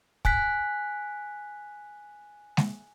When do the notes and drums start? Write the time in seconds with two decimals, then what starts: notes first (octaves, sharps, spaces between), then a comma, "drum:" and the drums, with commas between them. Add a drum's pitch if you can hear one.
0.25 G#5 F#6 B6, drum: kick
2.57 drum: snare G#3